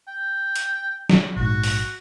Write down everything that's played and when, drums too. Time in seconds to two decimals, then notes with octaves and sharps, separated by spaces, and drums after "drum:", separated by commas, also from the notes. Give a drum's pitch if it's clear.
0.08 G5
0.55 drum: hi-hat
1.09 drum: snare
1.36 A#1 G#2 F#4
1.63 drum: open hi-hat